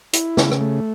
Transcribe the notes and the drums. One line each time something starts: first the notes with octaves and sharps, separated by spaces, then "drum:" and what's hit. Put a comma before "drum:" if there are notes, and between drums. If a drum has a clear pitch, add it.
E4, drum: hi-hat
C#3, drum: snare
drum: rim click
A3